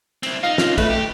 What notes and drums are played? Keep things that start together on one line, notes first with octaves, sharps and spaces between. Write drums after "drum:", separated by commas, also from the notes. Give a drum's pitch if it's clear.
C4 E4, drum: cymbal
D#4 F5
C#4 D#4 F4, drum: snare
A3 B4, drum: kick, cymbal
G4